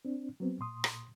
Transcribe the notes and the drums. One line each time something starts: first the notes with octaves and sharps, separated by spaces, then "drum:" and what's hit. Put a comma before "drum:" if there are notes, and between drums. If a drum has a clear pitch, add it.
C4 D4
F#3 B3 C4
A#2 C6 D#6
drum: rim click